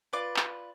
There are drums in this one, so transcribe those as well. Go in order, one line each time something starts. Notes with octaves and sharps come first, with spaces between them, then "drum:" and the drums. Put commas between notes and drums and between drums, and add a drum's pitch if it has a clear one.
F4 B4 D5 D6
drum: clap